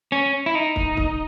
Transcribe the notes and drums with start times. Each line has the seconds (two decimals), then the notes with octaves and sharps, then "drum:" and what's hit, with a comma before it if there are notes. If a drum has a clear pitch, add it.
0.12 C#4
0.46 E4
0.55 D#4
0.76 drum: kick
0.97 drum: kick